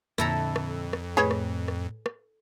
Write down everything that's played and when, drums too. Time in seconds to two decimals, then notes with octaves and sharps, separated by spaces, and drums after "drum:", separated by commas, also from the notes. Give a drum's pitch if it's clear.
0.18 F2 A#2 D3 E4 A4 A#5 E6, drum: rim click
0.56 drum: rim click
0.93 drum: rim click
1.17 A2 G#4 B4 C#5
1.31 drum: rim click
1.68 drum: rim click
2.06 drum: rim click